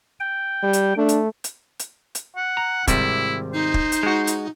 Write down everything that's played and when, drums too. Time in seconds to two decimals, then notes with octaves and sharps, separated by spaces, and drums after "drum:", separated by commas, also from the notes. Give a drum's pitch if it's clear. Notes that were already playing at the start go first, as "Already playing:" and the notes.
0.20 G5
0.63 G3
0.73 drum: hi-hat
0.97 A3 D4
1.09 drum: hi-hat
1.44 drum: hi-hat
1.79 drum: hi-hat
2.15 drum: hi-hat
2.36 F#5
2.57 A#5
2.87 G#1 C3 G3 E4, drum: kick, hi-hat
3.53 D#4 C5
3.74 drum: kick
3.92 drum: hi-hat
4.03 G#3 F#4
4.27 drum: hi-hat